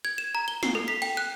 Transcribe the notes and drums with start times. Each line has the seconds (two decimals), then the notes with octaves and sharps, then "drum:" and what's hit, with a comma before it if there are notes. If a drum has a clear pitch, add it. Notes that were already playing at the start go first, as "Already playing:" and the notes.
0.05 G#6
0.18 E7
0.35 A#5
0.48 G7
0.63 C7, drum: snare
0.75 A4
0.88 B6
1.02 G5, drum: cymbal
1.17 F#6